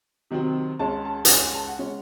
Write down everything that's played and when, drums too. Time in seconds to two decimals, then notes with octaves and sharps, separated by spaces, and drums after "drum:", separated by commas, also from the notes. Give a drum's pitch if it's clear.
0.31 C3 D#3 F#3 C4
0.79 C#2 C#3 G#3 C#4 A5
1.05 A5
1.25 F#5, drum: hi-hat
1.29 C#2 C#3 G#3 C#4 G#5
1.41 G#5
1.55 A5
1.67 F#5
1.79 C#3 G#3 C#4